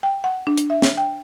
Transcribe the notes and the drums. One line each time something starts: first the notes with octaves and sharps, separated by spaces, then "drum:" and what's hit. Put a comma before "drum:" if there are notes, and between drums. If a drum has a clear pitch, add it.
G5
F#5
D4
drum: hi-hat
E5
drum: snare
G5